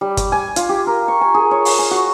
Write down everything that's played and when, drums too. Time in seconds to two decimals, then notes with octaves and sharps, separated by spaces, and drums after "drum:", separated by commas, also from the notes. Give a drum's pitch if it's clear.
0.01 G3
0.17 D6, drum: kick, hi-hat
0.32 G#5
0.56 F4, drum: hi-hat
0.69 G4
0.87 A#4
1.08 C#6
1.21 G#5
1.34 G#4
1.51 C#5
1.65 drum: open hi-hat
1.79 G#5
1.91 F#4